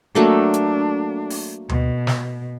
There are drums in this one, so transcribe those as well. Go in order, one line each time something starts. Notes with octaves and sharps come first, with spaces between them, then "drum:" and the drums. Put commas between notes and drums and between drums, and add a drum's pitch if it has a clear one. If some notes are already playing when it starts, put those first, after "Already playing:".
F#3 A3 A#3 D4
drum: hi-hat
drum: open hi-hat
B2, drum: tom D2
drum: snare